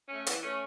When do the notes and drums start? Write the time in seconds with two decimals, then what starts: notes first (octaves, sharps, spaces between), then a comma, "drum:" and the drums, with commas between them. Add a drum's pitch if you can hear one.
0.09 C#4
0.14 A3
0.27 E3, drum: hi-hat
0.43 A3 C#4